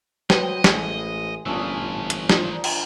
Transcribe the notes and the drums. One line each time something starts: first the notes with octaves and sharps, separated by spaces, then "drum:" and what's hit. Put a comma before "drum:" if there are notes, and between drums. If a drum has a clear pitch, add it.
F#3 B4 C5 D#5 G5, drum: snare
A1 G#3, drum: snare
G1 A#2 E3 F3 A3 C#4 E6
drum: hi-hat
F3 D4 D#4 C5, drum: snare
drum: cymbal